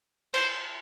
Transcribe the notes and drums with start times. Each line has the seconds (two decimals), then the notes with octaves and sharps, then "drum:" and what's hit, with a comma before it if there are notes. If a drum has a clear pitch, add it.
0.34 C5, drum: cymbal